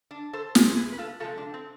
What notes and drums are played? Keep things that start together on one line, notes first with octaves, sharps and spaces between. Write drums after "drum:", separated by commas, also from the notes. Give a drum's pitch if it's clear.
D4
A4 C5
C3 F3 G#3 G#4 B4, drum: snare
G#4 B4
B4
F4 A4
C3 F3 G#3 F4 A4
D4
C4